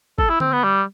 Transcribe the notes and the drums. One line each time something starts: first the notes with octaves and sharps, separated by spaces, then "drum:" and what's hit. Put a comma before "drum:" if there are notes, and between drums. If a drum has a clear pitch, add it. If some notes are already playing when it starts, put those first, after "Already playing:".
A4, drum: kick G1
E4
C4, drum: tom D3
B3
G3